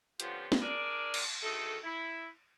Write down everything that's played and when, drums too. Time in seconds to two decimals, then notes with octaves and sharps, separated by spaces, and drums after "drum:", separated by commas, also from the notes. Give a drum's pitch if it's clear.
0.20 D3 F3 B3 C#4 F4 G4, drum: hi-hat
0.52 drum: snare
0.62 D4 G#4 A#4 D5
1.14 drum: cymbal
1.43 D2 D#3 A3 G#4 A4
1.84 E4